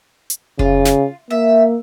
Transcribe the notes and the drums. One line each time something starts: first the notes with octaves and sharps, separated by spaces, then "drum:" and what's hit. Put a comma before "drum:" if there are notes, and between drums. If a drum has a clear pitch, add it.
drum: hi-hat
C#3 F4, drum: kick F1
drum: snare
A#3 E5